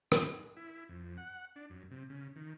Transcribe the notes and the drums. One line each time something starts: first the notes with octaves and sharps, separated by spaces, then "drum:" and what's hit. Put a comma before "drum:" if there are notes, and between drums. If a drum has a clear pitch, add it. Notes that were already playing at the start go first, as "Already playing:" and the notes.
drum: rim click
E4
F2
F#5
D4
F#2
C3
C#3
D#3